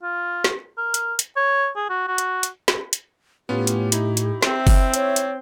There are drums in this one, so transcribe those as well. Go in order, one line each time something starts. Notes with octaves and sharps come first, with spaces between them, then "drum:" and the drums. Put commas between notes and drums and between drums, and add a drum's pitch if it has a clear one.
F4
drum: snare
A#4
drum: hi-hat
drum: hi-hat
C#5
G#4
F#4
F#4
drum: hi-hat
drum: hi-hat
drum: snare
drum: hi-hat
A2 B3 C#4 F4 G4
drum: hi-hat
D#4 E4, drum: hi-hat
drum: hi-hat
C4 E5, drum: snare
drum: kick F#1, open hi-hat
C#5, drum: hi-hat
drum: hi-hat